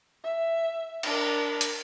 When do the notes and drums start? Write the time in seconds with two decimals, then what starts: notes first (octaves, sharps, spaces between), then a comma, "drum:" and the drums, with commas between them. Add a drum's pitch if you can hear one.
0.24 E5
1.03 D4 A#4, drum: cymbal
1.61 drum: hi-hat